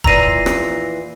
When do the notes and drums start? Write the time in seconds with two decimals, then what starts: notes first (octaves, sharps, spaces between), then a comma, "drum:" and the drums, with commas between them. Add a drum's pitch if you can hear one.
0.04 F2 A#2 E3 A#5 E6 A#6 C7 D#7, drum: kick
0.46 drum: rim click